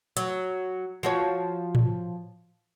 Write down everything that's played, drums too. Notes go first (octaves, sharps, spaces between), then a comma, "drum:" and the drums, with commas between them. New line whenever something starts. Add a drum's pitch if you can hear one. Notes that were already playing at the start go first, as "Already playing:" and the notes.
F#3, drum: hi-hat
F3 F#4 C#5
drum: tom A2